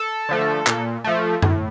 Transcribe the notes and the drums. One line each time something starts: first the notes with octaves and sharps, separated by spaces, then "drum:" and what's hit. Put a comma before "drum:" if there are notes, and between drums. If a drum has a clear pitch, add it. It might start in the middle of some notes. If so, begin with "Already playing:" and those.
Already playing: A4
D3 F3 A3
A#2, drum: clap
F3 A3
A2, drum: tom F#2